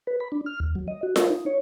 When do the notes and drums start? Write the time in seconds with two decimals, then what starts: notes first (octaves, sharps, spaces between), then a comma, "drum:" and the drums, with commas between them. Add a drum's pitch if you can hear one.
0.07 B4
0.20 B5
0.32 D4
0.46 F6
0.60 D#2
0.75 F#3
0.88 D#5
1.03 F#4
1.16 A#4, drum: snare F4
1.30 D#4
1.46 C#5